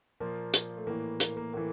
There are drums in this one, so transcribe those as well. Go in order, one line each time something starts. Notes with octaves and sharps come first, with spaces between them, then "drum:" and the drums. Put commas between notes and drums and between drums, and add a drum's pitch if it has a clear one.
A#2 F3 A#3
drum: hi-hat
A3
A2 E3 A#3
A#3, drum: hi-hat
A#3
A2 E3 A#3